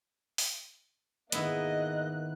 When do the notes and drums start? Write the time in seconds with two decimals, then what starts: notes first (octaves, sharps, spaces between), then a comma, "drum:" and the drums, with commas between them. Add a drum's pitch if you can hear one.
0.38 drum: open hi-hat
1.32 G#2 D#3 A#3 B3 E4 D#5 F#6, drum: hi-hat